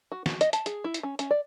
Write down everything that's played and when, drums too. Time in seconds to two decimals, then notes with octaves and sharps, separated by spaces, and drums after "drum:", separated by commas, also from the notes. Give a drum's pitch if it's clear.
0.12 F#4
0.26 F#4, drum: snare
0.41 D#5, drum: hi-hat
0.53 A5, drum: hi-hat
0.66 G#4, drum: hi-hat
0.84 E4
0.94 drum: hi-hat
1.03 C#4
1.19 C#4, drum: hi-hat
1.31 D5